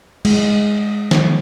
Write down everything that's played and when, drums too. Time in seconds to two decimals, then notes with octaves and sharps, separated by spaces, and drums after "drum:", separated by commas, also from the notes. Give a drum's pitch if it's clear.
0.25 G#3, drum: cymbal
1.11 drum: snare